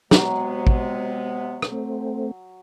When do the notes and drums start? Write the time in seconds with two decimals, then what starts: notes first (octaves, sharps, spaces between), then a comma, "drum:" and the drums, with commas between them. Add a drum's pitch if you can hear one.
0.11 C3 F#3 G#3 B3, drum: snare
0.67 drum: kick
1.62 drum: rim click
1.72 A3 C4